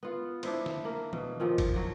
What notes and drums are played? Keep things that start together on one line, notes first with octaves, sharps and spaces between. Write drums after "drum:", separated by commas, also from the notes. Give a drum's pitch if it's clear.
B3 F4
D4 E4 C5, drum: cymbal
drum: snare
A#3
B2, drum: tom D#3
A#2 D#3 F3
drum: kick, cymbal
F#3